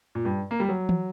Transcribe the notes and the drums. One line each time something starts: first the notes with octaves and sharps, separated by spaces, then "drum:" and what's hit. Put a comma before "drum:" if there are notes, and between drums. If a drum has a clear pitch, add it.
A#2
G2
A#3
G3
F#3
drum: tom